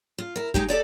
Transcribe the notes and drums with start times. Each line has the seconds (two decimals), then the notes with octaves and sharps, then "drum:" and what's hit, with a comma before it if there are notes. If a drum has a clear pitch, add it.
0.18 F4
0.36 E4 A#4
0.54 G#3 D#4 G4, drum: kick
0.68 G4 A4 D5 D#5